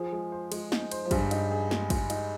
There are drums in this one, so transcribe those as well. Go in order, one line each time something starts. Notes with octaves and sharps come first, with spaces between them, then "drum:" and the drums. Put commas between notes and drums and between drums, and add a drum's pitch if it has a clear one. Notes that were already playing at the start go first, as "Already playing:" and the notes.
Already playing: F3 G#4
G#3
C5
G#3, drum: cymbal
D#4, drum: snare
C5, drum: cymbal
F3
G2 G3 G#4, drum: kick, cymbal
D#4, drum: cymbal
G#4
G#3, drum: snare
G#3, drum: kick, cymbal
D#4, drum: cymbal